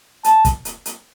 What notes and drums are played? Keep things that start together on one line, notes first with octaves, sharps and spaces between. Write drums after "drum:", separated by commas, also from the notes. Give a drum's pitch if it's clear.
A5, drum: hi-hat
drum: kick, hi-hat
drum: hi-hat
drum: hi-hat